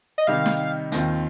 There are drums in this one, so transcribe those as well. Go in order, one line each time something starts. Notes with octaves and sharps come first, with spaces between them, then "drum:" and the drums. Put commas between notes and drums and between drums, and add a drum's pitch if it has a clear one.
D#5
C3 D#3 G3 D#4 F5
drum: snare
D#2 D#3 C4 F4, drum: hi-hat